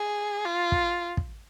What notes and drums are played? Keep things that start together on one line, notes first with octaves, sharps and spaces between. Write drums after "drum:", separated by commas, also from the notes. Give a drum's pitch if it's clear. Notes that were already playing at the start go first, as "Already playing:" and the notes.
Already playing: G#4
F4
drum: kick
drum: kick